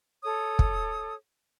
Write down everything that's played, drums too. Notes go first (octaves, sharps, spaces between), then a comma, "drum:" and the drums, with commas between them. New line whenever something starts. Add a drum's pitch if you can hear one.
A4 C#5 D#6
drum: kick